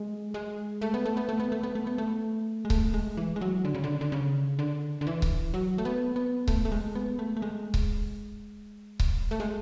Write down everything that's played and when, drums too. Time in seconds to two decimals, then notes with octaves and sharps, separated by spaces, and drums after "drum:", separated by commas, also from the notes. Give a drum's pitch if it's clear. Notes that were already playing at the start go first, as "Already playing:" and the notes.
Already playing: G#3
0.34 G#3
0.82 A3
0.94 B3
1.06 A3
1.17 B3
1.29 A3
1.40 B3
1.52 A3
1.63 B3
1.75 A3
1.87 B3
1.98 A3
2.65 G#3
2.70 A3, drum: kick C#1
2.94 G#3
3.17 E3
3.36 G#3
3.41 F#3
3.65 D3
3.75 C#3
3.84 D3
4.01 D3
4.12 C#3
4.59 D3
5.01 D3
5.07 E3
5.22 drum: kick C#1
5.54 F#3
5.78 A3
5.85 B3
6.16 B3
6.48 A3, drum: kick C#1
6.65 A3
6.72 G#3
6.95 B3
7.19 A3
7.37 A3
7.42 G#3
7.74 drum: kick C#1
9.00 drum: kick C#1
9.31 A3
9.40 G#3